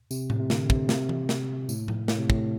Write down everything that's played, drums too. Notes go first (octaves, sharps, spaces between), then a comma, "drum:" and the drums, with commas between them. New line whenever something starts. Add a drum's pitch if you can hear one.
C3, drum: tambourine
A2, drum: tom A2
C3
D3, drum: snare
D3
C3, drum: kick
C3, drum: snare
drum: tom E3
drum: snare
A2, drum: tambourine
drum: tom A2
A2, drum: snare
C3
A2, drum: kick